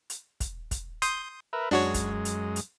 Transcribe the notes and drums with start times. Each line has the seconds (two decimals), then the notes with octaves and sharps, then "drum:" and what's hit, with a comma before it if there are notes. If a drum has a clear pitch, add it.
0.10 drum: hi-hat
0.40 drum: kick, hi-hat
0.71 drum: kick, hi-hat
1.02 C6 D#6 G6, drum: hi-hat
1.53 A#4 B4 E5
1.71 F#2 G#3 D4 F#4 C#5
1.94 drum: kick, hi-hat
2.25 drum: hi-hat
2.56 drum: hi-hat